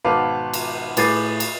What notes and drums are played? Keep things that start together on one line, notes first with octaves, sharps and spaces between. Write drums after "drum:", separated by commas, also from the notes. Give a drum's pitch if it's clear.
G#1 B2 B4 F5 A5 D6
drum: cymbal
A2 G#4 B4 D6 A6 C7, drum: cymbal
drum: cymbal